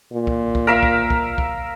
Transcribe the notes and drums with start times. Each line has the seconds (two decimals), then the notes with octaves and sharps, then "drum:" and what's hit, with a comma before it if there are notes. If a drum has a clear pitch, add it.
0.13 A#2
0.27 drum: kick
0.55 drum: kick
0.67 A#4 E5 F5
0.83 drum: kick
1.10 drum: kick
1.38 drum: kick